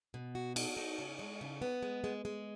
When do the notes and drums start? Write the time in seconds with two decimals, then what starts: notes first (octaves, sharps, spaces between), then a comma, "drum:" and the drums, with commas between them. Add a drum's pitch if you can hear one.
0.14 B2
0.35 F#4
0.56 F#4, drum: cymbal
0.77 D#4
0.98 C#3
1.19 G#3
1.41 C#3
1.62 B3
1.82 G#3
2.04 G#3
2.25 G#3